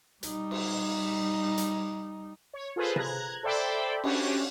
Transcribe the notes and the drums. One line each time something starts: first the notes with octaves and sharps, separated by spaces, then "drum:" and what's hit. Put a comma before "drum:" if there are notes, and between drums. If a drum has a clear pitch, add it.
G3 D#4, drum: hi-hat
drum: cymbal
drum: hi-hat
C#5
F4 G#4 A4 B4 C5
A#5 F#6 G#6, drum: tom C3
A4 C5 D5 E5 G5 B5
C#4 D4 F#4 G4, drum: cymbal